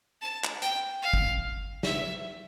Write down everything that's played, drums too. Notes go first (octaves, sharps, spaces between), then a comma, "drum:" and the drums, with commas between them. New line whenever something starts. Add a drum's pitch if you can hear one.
A5
drum: clap
G5, drum: hi-hat
F5
drum: kick
E5, drum: snare